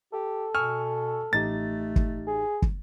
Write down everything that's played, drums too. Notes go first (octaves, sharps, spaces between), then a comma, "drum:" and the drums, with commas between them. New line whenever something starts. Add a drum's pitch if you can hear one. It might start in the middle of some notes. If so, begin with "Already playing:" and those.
G4 A4
B2 G#5 C#6 E6 F6
A1 A3 D#4 G4 A6
drum: kick
G#4
drum: kick